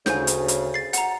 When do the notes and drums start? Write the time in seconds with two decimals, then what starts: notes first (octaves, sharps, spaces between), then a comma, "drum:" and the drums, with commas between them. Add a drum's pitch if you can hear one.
0.06 D2 C#3 G#5 G6, drum: snare
0.27 drum: hi-hat
0.48 drum: hi-hat
0.74 A6 C7
0.93 F#5 A#5, drum: hi-hat